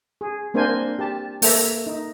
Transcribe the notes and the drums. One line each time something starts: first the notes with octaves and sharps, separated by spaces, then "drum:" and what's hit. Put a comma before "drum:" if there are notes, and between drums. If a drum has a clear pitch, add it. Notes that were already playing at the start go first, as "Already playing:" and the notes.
G#4
A#3 C4 D4 A#4 C5 G#5
G4 A5
A#3 A4 E5 A#5, drum: open hi-hat
D#4